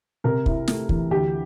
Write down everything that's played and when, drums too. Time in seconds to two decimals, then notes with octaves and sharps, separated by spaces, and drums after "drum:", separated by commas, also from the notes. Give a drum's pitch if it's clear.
0.24 C3 A#4
0.46 E4, drum: kick
0.68 A3, drum: snare
0.89 E3, drum: kick
1.10 D2 G4